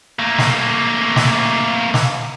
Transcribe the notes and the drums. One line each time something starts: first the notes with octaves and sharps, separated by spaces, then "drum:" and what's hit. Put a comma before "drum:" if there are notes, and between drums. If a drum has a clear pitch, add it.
A3 A#3
drum: snare
drum: snare
drum: snare